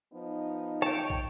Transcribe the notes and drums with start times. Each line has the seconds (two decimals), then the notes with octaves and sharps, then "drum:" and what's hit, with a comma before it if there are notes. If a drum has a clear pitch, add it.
0.13 F3 B3 D#4
0.82 C#5 G5 A5
1.10 drum: kick